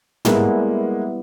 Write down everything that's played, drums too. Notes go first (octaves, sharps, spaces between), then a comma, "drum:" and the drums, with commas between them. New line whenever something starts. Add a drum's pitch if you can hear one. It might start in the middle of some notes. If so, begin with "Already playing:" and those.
G3 G#3 A#3 B3 E4, drum: tom